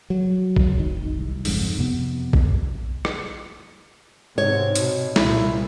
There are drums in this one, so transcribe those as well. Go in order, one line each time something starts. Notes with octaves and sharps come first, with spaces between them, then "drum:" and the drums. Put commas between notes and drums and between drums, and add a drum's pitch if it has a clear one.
F#3
drum: kick
F1 D#3
C2
F#1 F2 G#2, drum: open hi-hat
F2 C3 B3
drum: kick
drum: rim click
G#2 C3 C#5
B2, drum: hi-hat
C2 A#2 E4, drum: snare